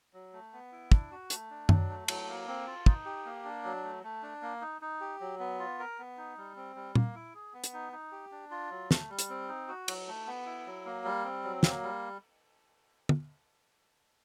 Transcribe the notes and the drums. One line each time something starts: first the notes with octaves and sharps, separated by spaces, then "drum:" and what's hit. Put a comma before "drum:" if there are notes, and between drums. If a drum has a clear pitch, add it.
F#3
A3
B3
E4
D4, drum: kick
F#4
A3, drum: hi-hat
D4
F#3, drum: tom F#2
A3
F#3, drum: cymbal
A#3
C4
F4
D#4, drum: kick
G4
A#3
D4
F#3
A3
A3
D4
A#3
D#4
D#4
G4
F#3
B3
F4
A#4
B3
D#4
G3
C4
G3
A#3, drum: tom A#2
E4
G#4
B3
drum: hi-hat
D#4
D#4
G4
D4
F4
F#3
A3, drum: snare
G3
drum: hi-hat
C4
D#4
F#4
F#3, drum: cymbal
A3
B3
E4
F#3
A#3
G3
C4
F#3
A#3, drum: snare
G3
drum: tom